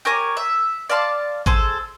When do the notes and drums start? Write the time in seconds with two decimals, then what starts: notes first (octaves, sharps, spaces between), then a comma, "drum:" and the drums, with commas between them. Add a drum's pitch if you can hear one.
0.05 G4 A#4 C#5 G#5
0.37 E5
0.90 D5 F5 A5 C6
1.46 G#4 A4 C5, drum: kick G#1